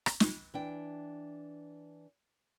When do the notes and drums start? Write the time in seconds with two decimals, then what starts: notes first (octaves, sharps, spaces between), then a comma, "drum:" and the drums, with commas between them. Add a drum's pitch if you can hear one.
0.06 drum: rim click
0.20 drum: snare
0.54 E3 D4 G5